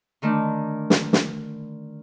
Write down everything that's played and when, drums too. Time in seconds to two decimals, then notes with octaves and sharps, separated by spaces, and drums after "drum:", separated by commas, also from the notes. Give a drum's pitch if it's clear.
0.22 D3 D#3 A3 D4
0.90 drum: snare
1.13 drum: snare